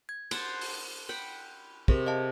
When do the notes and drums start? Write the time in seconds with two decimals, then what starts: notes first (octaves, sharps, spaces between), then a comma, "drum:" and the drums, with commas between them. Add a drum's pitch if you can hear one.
0.09 G#6
0.31 C5 F#5 A5, drum: cymbal
0.61 drum: open hi-hat
1.09 F#5 G5 B5
1.88 C3 G#4 A#4, drum: kick
2.06 D#5 F5 A5